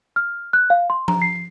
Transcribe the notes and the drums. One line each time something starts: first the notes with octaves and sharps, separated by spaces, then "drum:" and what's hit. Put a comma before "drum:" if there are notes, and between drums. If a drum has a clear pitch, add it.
F6
F#6
F5
C6
A#5, drum: tom F3
C7